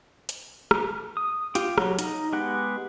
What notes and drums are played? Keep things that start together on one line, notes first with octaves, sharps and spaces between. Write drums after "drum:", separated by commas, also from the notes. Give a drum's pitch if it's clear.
drum: hi-hat
drum: rim click
D#6
F4 G4, drum: hi-hat
F#3, drum: rim click
D#4, drum: hi-hat
G#3 B3 G4 F#5